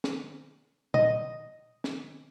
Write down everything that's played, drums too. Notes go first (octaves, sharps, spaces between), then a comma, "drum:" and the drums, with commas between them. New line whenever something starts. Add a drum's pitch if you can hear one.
drum: snare
D#5, drum: tom A#2
drum: snare